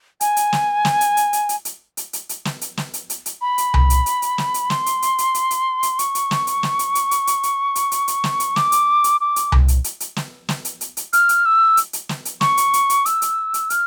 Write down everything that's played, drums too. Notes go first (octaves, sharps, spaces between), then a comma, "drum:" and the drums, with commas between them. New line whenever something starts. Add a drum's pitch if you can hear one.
G#5, drum: hi-hat
drum: hi-hat
drum: snare
drum: snare
drum: hi-hat
drum: hi-hat
drum: hi-hat
drum: hi-hat
drum: hi-hat
drum: hi-hat
drum: hi-hat
drum: hi-hat
drum: snare
drum: hi-hat
drum: snare
drum: hi-hat
drum: hi-hat
drum: hi-hat
B5
drum: hi-hat
drum: tom C2
drum: hi-hat
drum: hi-hat
drum: hi-hat
drum: snare
drum: hi-hat
C6, drum: snare
drum: hi-hat
drum: hi-hat
drum: hi-hat
drum: hi-hat
drum: hi-hat
drum: hi-hat
C#6, drum: hi-hat
drum: hi-hat
drum: snare
drum: hi-hat
drum: snare
drum: hi-hat
drum: hi-hat
drum: hi-hat
drum: hi-hat
drum: hi-hat
drum: hi-hat
drum: hi-hat
drum: hi-hat
drum: snare
drum: hi-hat
D6, drum: snare
drum: hi-hat
drum: hi-hat
D6
drum: hi-hat
drum: tom C2
drum: hi-hat
drum: hi-hat
drum: hi-hat
drum: snare
drum: snare
drum: hi-hat
drum: hi-hat
drum: hi-hat
F6, drum: hi-hat
drum: hi-hat
E6
drum: hi-hat
drum: hi-hat
drum: snare
drum: hi-hat
C#6, drum: snare
drum: hi-hat
drum: hi-hat
drum: hi-hat
E6, drum: hi-hat
drum: hi-hat
drum: hi-hat
F6, drum: hi-hat